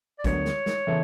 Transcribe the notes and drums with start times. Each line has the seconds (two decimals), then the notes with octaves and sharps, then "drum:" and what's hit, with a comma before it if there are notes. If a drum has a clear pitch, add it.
0.18 D5
0.24 D2 D3 F#3 B3 C#5, drum: kick, hi-hat
0.45 drum: snare
0.66 drum: snare
0.87 C#3 E3 B3 E4 A4